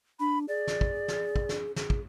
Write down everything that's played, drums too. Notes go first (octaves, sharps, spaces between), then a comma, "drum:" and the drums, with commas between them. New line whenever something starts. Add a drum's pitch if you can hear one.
D4 B5
G#4 D5
drum: snare
drum: kick
drum: snare
drum: kick
drum: snare
G#4, drum: snare
drum: kick